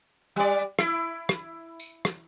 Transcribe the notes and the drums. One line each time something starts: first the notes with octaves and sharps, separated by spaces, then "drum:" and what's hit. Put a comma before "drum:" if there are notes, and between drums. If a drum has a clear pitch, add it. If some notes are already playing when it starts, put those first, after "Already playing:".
G3 D5
E4, drum: rim click
drum: rim click
drum: tambourine
drum: rim click